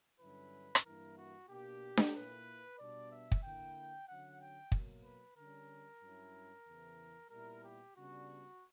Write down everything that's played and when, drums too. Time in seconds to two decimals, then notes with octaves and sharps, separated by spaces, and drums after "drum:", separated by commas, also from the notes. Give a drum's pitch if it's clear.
0.20 G2 D3 F#3 C#4 E4 B4
0.75 drum: rim click
0.84 G2 E3 A#3 E4 A#4
1.17 F#4
1.49 B2 A#3 D4 G4
1.97 drum: snare D4
2.14 A#2 A#3 E4 B4
2.78 B2 G3 B3 D4 D5
3.10 E5
3.32 drum: kick
3.43 D3 A#3 E4 G5
4.08 D3 F#3 C#4 F#5
4.40 G5
4.72 B2 F#3 A#3, drum: kick
5.04 B4
5.36 D3 G3 C#4 A#4
6.01 G2 F#3 C#4 E4
6.66 E2 C#3 E3
7.30 A#2 G3 B3 E4 A#4
7.62 G4
7.95 C#3 G3 B3 D4 F#4